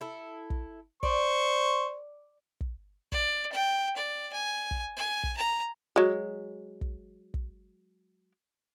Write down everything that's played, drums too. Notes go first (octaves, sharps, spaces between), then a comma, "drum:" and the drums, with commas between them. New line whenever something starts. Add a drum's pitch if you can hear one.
E4 A4
drum: kick
C5 D5 C#6, drum: kick
drum: kick
D5, drum: kick
G5
D5
G#5
drum: kick
G#5
drum: kick
A#5
F#3 G#3
drum: kick
drum: kick